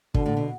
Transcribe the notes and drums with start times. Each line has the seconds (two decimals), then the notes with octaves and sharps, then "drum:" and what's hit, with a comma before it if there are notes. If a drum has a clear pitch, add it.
0.14 B2 D3, drum: kick
0.26 A2
0.37 B2